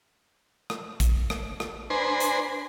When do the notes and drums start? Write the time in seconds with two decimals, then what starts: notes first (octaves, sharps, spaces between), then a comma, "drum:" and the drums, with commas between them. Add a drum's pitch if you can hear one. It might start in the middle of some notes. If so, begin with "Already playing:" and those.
0.70 drum: rim click
1.00 drum: kick A#1, hi-hat
1.30 drum: rim click
1.60 drum: rim click
1.90 D4 B4 C5 G#5 A#5 C6
2.20 drum: hi-hat